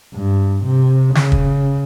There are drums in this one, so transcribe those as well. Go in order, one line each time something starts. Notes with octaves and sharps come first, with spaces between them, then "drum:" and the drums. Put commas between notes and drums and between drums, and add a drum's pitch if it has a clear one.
G2
C3
C#3, drum: snare
drum: kick